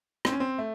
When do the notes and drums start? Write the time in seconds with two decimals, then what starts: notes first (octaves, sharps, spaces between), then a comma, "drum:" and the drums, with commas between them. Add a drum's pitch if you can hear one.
0.25 C4, drum: rim click
0.32 C#4
0.40 C4
0.58 A3